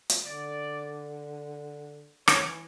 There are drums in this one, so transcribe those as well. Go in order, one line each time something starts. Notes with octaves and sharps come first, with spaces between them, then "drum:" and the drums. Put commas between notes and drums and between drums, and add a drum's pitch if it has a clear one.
drum: hi-hat
D3 D5
D#3 C#5, drum: rim click
E3